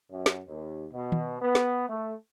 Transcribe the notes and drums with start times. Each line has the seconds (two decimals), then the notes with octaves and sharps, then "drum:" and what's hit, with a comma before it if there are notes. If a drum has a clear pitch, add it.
0.11 F#2
0.26 drum: snare
0.48 D#2
0.92 B2
1.12 drum: tom D#3
1.42 B3
1.55 drum: snare
1.89 A3